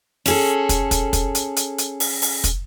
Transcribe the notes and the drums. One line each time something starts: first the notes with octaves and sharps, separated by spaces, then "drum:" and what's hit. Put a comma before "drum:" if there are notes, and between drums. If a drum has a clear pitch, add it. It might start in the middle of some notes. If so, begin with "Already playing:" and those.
C#4 G#4 A4, drum: open hi-hat
drum: kick, hi-hat
drum: kick, hi-hat
drum: kick, hi-hat
drum: hi-hat
drum: hi-hat
drum: hi-hat
drum: open hi-hat
drum: open hi-hat
drum: kick, hi-hat